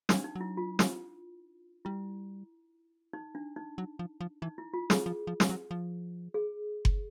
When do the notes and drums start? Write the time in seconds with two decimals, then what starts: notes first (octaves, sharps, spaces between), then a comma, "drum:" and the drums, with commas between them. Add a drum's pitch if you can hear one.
0.09 D4, drum: snare
0.14 G3
0.24 D#4
0.36 F#3
0.41 E4
0.57 F4
0.79 drum: snare
1.85 G3 E4
3.13 D#4
3.35 D4
3.56 D#4
3.78 F#3
3.99 F3
4.21 F3
4.42 E3 D#4
4.58 E4
4.74 F4
4.90 G#4, drum: snare
5.06 F3
5.27 F3
5.40 drum: snare
5.49 F#3
5.71 F3
6.34 G#4
6.85 drum: kick F#1